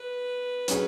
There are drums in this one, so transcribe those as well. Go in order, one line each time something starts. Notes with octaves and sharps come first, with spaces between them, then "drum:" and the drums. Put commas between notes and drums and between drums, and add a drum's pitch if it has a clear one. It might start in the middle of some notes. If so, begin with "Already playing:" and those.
Already playing: B4
F#3 C#4 G#4 C#5, drum: hi-hat